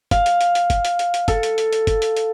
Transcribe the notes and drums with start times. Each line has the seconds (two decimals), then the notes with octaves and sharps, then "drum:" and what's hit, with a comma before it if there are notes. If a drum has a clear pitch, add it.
0.11 F5, drum: kick, hi-hat
0.26 drum: hi-hat
0.41 drum: hi-hat
0.55 drum: hi-hat
0.70 drum: kick, hi-hat
0.85 drum: hi-hat
0.99 drum: hi-hat
1.14 drum: hi-hat
1.28 A4, drum: kick, hi-hat
1.43 drum: hi-hat
1.58 drum: hi-hat
1.73 drum: hi-hat
1.87 drum: kick, hi-hat
2.02 drum: hi-hat
2.17 drum: hi-hat